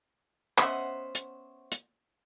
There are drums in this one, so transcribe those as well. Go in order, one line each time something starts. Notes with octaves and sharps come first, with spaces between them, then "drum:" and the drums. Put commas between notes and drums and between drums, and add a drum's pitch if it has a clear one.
B3 C#4 C5 D#5 E5 F#5, drum: clap
drum: hi-hat
drum: hi-hat